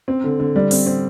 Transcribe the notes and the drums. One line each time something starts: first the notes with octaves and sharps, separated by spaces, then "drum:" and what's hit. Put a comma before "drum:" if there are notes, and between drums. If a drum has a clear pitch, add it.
C4
D3
D3
G3
C4, drum: open hi-hat
C4